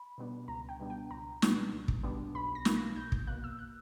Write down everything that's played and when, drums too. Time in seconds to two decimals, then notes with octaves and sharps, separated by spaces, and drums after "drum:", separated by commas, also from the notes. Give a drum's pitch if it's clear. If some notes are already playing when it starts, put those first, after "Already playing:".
Already playing: B5
0.18 B2 G3 B3 D4
0.48 C#2 A#5
0.69 G5
0.80 B2 G3 B3 D4
0.90 G5
1.11 C#2 A#5
1.42 B2 G3 B3 D4, drum: snare
1.73 C#2
1.88 drum: kick
2.03 B2 G3 B3 D4
2.35 B1 B5
2.55 A#6
2.65 B2 A#3, drum: snare
2.77 A#6
2.96 B1 G6
3.12 G6, drum: kick
3.27 B2 A#3 F#6
3.44 E6
3.59 F#6